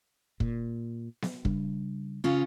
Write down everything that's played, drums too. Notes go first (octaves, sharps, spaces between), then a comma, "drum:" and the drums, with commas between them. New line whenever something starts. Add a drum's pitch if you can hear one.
A#2, drum: kick
drum: snare B3
C#3 G3 D4, drum: kick
C#3 C#4 F4